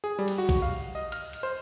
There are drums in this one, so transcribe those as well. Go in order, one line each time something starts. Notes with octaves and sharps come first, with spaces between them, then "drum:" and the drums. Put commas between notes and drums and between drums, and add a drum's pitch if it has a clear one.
G#4
G3
drum: cymbal
F#4
drum: kick A#1, cymbal
F5
D#5
F6, drum: cymbal
drum: cymbal
C5